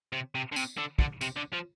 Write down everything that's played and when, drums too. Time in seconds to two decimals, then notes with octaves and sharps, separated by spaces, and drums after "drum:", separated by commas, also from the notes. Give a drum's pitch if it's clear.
0.13 C3
0.35 C3
0.52 D3
0.56 C3, drum: tambourine
0.78 D3
0.99 D3, drum: kick
1.21 C3, drum: tambourine
1.36 D3
1.53 F3